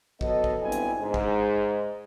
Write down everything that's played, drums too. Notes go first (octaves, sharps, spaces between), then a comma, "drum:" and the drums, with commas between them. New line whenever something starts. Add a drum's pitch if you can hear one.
F#3 B3 A4 D#5, drum: kick
drum: kick
G1 G2 B2 C4 E4 G#5
drum: hi-hat
G#2
drum: kick